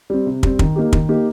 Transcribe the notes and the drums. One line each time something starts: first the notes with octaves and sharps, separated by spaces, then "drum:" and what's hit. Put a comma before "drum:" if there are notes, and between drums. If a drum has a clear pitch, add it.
G3 C4
C3
G3 C4, drum: kick
D#3, drum: kick
A#3 D#4 G4
D#3, drum: kick
A#3 D#4 G4